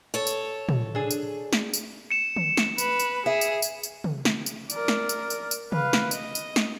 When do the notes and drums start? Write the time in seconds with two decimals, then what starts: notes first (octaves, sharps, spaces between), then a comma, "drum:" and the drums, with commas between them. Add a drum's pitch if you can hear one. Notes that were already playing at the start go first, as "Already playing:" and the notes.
0.14 A4 C#5
0.27 drum: tambourine
0.69 drum: tom
0.95 D4 G#4
1.11 drum: tambourine
1.53 drum: snare
1.74 drum: tambourine
2.11 C#7 E7
2.36 drum: tom
2.57 drum: snare
2.78 B4, drum: tambourine
2.99 drum: tambourine
3.26 G#4 E5
3.41 drum: tambourine
3.62 drum: tambourine
3.83 drum: tambourine
4.04 drum: tom
4.25 drum: snare
4.46 drum: tambourine
4.70 A#4 D5, drum: tambourine
4.88 drum: snare
5.09 drum: tambourine
5.30 drum: tambourine
5.51 drum: tambourine
5.72 B4 F5, drum: tom
5.93 drum: snare
6.11 D#5, drum: tambourine
6.35 drum: tambourine
6.56 drum: snare